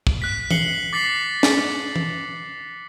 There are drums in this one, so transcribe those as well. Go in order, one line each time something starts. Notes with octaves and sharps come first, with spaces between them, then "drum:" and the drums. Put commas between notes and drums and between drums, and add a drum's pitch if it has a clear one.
drum: kick
F#6 B6
C7 C#7 F#7 G7, drum: tom E3
D6 A6 B6 C7 F#7
drum: snare
drum: tom E3